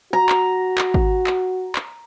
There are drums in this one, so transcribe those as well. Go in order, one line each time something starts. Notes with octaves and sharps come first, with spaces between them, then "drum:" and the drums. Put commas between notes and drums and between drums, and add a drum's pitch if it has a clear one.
F#4 A#5
drum: clap
drum: clap
drum: kick G#1
drum: clap
drum: clap